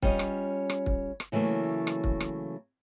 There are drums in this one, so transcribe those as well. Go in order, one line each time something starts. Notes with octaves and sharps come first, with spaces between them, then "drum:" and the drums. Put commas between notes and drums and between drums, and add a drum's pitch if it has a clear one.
G3 C#4 F4 C#5 D#5, drum: kick
drum: rim click
drum: rim click
drum: kick
drum: rim click
C#3 E3 F#3 A3 A#3
drum: rim click
drum: kick
drum: rim click